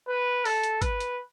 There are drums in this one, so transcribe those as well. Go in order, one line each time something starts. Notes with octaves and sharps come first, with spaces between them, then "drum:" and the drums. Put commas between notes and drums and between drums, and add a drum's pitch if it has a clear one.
B4
A4, drum: open hi-hat
drum: hi-hat
B4, drum: kick G#1, hi-hat
drum: hi-hat